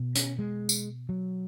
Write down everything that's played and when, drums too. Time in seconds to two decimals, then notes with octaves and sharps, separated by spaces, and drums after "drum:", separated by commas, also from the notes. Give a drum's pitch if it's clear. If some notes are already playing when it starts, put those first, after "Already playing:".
Already playing: B2
0.15 C#4, drum: hi-hat
0.39 G#3
0.69 drum: tambourine
1.09 F#3